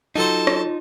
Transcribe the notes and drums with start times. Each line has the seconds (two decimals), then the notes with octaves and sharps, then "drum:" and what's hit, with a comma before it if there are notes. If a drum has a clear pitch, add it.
0.16 F#3 D#4 F4 A4 C5 A5
0.47 drum: rim click